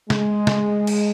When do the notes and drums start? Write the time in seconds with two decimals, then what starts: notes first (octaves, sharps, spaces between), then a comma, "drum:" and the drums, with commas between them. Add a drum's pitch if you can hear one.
0.10 G#3, drum: snare
0.47 drum: snare
0.87 drum: cymbal